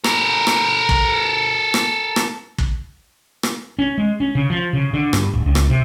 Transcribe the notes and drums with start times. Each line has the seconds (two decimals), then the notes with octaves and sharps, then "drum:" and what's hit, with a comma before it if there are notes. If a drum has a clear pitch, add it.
0.04 A4 A#4, drum: rim click
0.47 drum: rim click
0.89 drum: kick
1.74 drum: rim click
2.16 drum: rim click
2.59 drum: kick
3.43 drum: rim click
3.79 C#4
3.98 G#3
4.20 C#4
4.35 C#3
4.50 F3
4.73 C#3
4.94 D3
5.13 G2, drum: rim click
5.33 D1
5.46 C#2
5.55 drum: rim click
5.70 C3